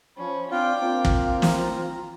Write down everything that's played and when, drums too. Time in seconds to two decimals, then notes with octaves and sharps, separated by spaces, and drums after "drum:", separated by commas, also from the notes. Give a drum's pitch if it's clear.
0.17 F3 C#4 B5
0.51 C4 D4 F4 G5 D6
0.82 A#3 C4 F4
1.05 drum: kick
1.42 A#5, drum: snare